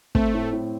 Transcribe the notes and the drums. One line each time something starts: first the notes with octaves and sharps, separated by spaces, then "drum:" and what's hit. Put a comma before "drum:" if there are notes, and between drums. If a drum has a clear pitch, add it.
A3 C4, drum: kick
A2
A2